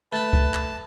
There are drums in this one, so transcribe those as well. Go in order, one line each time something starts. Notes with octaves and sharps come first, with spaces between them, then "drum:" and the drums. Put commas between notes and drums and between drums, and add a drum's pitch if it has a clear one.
A3 B4 A5 B5
drum: kick
drum: clap